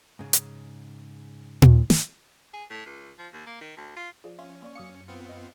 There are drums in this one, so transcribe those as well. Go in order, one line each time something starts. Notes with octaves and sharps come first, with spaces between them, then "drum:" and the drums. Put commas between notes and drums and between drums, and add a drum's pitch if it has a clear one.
G#2 C#3
drum: hi-hat
drum: tom A#2
drum: snare
G#4
A2
C#2
F3
D#2
A#3
D#3
D2
F4
F3 G#4 D5
C#4 E5 F5 C6
A#3 D5 C#6
F#2 F5 D6 D#6 C#7
B3 C4 F4
D#5